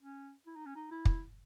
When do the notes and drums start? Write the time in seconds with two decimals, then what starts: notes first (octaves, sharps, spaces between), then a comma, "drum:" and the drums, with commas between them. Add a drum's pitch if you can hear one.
0.01 C#4
0.46 E4
0.56 D#4
0.66 C#4
0.76 D#4
0.91 E4
1.05 drum: kick